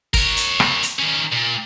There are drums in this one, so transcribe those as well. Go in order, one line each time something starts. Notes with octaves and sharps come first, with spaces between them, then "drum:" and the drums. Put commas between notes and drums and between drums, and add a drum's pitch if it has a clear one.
A#4 C#5, drum: kick, open hi-hat
drum: hi-hat
drum: rim click
drum: hi-hat
D#3 C#4
A#2